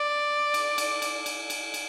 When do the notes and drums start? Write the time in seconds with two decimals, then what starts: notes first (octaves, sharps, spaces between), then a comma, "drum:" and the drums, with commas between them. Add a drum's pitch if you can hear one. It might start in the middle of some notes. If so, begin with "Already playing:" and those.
Already playing: D5
0.54 drum: cymbal
0.78 drum: cymbal
1.02 drum: cymbal
1.26 drum: cymbal
1.50 drum: cymbal
1.74 drum: cymbal